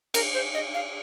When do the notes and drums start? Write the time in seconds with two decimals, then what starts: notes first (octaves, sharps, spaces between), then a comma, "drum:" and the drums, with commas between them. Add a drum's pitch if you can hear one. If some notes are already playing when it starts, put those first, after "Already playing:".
0.14 A#4, drum: cymbal
0.34 C5
0.54 D#5
0.74 F5